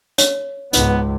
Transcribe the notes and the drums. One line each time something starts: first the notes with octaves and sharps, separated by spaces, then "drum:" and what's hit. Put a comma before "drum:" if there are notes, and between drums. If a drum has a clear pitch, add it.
C#5, drum: hi-hat
C#2 G#2 B3, drum: hi-hat